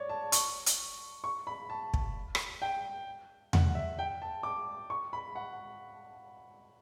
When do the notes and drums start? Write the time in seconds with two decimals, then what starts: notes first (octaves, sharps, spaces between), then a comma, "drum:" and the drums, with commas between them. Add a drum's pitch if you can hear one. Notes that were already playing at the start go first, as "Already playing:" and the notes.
Already playing: C#5 D5
0.09 A5
0.32 C#6, drum: hi-hat
0.66 drum: hi-hat
1.24 C#6
1.47 B5
1.70 A5
1.94 drum: kick
2.35 drum: rim click
2.62 G5
3.53 F#5, drum: tom E2
3.75 E5
3.99 G5
4.22 A5
4.43 D6
4.90 C#6
5.13 B5
5.35 F#5